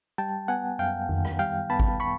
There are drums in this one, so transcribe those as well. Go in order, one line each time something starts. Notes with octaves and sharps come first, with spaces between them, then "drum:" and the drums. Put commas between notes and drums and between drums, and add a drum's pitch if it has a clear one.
G3 G5 A5
B3 F#5 G#5
F#2 F5 G5
D#3, drum: tom F2
drum: rim click
G3 F5 G5
B3 A5 B5
drum: kick G#1
B5 C#6